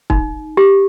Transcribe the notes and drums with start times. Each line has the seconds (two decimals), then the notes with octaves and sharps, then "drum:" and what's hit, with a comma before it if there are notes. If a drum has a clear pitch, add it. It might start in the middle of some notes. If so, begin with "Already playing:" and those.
0.10 D#4, drum: kick
0.57 G4